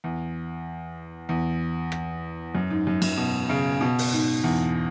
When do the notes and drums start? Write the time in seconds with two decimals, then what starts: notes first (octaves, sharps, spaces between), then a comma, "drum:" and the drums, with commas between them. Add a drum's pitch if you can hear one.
0.04 E2
1.29 E2
1.92 drum: rim click
2.55 F#2
2.70 G#2
2.87 F#2
3.02 F#2, drum: cymbal
3.17 B2
3.49 C#3
3.81 B2
3.99 drum: open hi-hat
4.13 G#2
4.44 E2